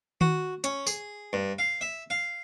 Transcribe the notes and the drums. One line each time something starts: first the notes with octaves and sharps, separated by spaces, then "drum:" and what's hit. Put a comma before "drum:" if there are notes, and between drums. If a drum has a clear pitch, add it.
F#4, drum: tom D#3
C#4, drum: hi-hat
G#4, drum: tambourine
G2
F5
E5
F5